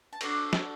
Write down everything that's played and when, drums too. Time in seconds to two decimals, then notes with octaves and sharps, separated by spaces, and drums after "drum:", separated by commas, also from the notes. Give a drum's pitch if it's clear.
0.13 A5
0.21 D4 F#4 A4 A#5, drum: cymbal
0.53 drum: snare